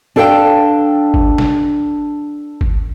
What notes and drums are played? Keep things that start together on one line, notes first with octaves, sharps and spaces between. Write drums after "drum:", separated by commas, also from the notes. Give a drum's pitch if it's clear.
D4 A4 D5 F5 G5
drum: kick G1
drum: snare
drum: kick G1